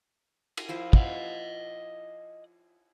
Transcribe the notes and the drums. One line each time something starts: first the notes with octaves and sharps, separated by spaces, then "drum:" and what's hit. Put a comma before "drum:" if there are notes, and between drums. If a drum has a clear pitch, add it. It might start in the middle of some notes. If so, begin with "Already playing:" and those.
drum: cymbal
F3 E4 C5
D#5 F#5, drum: kick